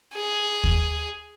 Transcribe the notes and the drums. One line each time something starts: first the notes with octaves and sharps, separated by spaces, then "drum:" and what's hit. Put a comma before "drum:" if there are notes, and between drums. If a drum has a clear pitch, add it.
G#4
drum: kick